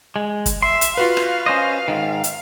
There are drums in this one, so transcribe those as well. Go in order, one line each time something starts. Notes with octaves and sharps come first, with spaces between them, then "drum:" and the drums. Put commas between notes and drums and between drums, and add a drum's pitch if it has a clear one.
G#3
drum: kick, hi-hat
E5 C6
drum: hi-hat
F4 F#4 B4 F5
drum: rim click
C#4 C5 D#5
G#2 D#3
drum: hi-hat